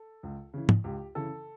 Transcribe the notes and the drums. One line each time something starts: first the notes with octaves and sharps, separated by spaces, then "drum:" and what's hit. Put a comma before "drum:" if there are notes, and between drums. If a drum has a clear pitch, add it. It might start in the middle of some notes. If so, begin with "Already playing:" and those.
Already playing: A4
C#2
C#3 E3
drum: tom
C#2 G4
C#3 E3 A4